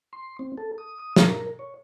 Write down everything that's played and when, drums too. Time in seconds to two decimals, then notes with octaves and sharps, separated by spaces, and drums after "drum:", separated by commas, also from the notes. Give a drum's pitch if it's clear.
0.13 C6
0.39 C4
0.58 A4
0.78 D#6
1.00 D#6
1.16 A#4, drum: snare
1.59 C#5